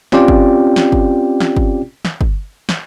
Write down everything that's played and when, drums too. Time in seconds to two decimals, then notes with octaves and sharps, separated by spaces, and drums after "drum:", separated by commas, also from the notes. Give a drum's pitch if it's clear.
0.12 C4 C#4 F4 G4 D5 G5, drum: snare
0.28 drum: kick G1
0.76 drum: snare
0.92 drum: kick G1
1.40 drum: snare
1.56 drum: kick G1
2.05 drum: snare
2.21 drum: kick G1
2.69 drum: snare